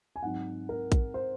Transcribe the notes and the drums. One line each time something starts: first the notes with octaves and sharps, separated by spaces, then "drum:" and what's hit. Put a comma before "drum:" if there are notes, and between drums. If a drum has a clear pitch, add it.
G#5
G#2 F#3 C4 D#4 F#5
A#4
drum: kick, hi-hat
C5